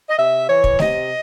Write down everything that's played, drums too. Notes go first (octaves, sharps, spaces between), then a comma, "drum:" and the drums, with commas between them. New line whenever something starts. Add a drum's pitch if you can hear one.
D#5
C3 E5
E3 C#5
drum: kick
C3 D#5, drum: snare